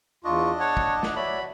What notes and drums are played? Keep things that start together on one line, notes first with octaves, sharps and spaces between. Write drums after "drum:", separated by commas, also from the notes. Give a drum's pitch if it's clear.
E2 D4 F4 D#5 C#6
C#5 F#5 A5
drum: kick
drum: snare
F#4 C#5 D5 E5 B5